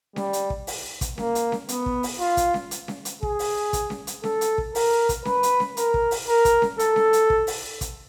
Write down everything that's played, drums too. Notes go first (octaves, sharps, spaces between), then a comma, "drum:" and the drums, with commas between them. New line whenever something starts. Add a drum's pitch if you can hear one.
G3, drum: snare C#4
drum: hi-hat
drum: kick
drum: open hi-hat
drum: kick, hi-hat
A#3, drum: snare C#4
drum: hi-hat
drum: snare C#4
B3, drum: hi-hat
drum: kick
drum: open hi-hat
F4
drum: kick, hi-hat
drum: snare C#4
drum: hi-hat
drum: snare C#4
drum: hi-hat
G#4, drum: kick
drum: open hi-hat
drum: kick, hi-hat
drum: snare C#4
drum: hi-hat
A4, drum: snare C#4
drum: hi-hat
drum: kick
A#4, drum: open hi-hat
drum: kick, hi-hat
B4, drum: snare C#4
drum: hi-hat
drum: snare C#4
A#4, drum: hi-hat
drum: kick
drum: open hi-hat
A#4
drum: kick, hi-hat
drum: snare C#4
A4, drum: hi-hat
drum: snare C#4
drum: hi-hat
drum: kick
drum: open hi-hat
drum: kick, hi-hat